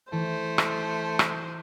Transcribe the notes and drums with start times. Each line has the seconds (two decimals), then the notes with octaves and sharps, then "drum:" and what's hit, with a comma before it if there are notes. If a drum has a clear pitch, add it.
0.12 E3 A3 C5
0.58 drum: rim click
1.19 drum: rim click